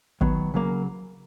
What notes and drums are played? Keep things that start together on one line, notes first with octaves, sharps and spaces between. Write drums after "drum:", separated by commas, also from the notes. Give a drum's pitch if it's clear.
D#3 F#3 B3, drum: kick
C#3 F#3 A#3